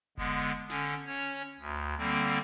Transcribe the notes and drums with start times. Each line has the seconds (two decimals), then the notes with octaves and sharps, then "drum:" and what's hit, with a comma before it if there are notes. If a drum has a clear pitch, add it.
0.18 D3 G#3 B3, drum: kick F1
0.70 D3 C#4, drum: snare
1.06 C#4 C#5
1.59 D2
1.98 D3 G3 A#3 C4